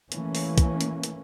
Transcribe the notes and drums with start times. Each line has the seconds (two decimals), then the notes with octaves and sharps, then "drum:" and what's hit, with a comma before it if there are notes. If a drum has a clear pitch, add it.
0.12 E3 A3 A#3 C#4, drum: hi-hat
0.35 drum: open hi-hat
0.58 drum: kick, hi-hat
0.81 drum: hi-hat
1.03 drum: hi-hat